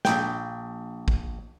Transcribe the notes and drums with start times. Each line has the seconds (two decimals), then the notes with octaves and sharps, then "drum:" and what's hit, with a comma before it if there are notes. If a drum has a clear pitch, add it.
0.05 A#1 G5, drum: snare
1.08 drum: kick A1